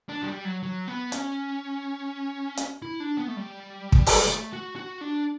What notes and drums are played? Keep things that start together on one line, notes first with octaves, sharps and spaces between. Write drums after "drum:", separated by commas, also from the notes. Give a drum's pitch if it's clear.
D4
F#3
G3
F#3
F#3
B3
C#4, drum: hi-hat
drum: hi-hat
E4
D4
B3
A3
G3
drum: kick
drum: open hi-hat
A3
F#4
F#4
D4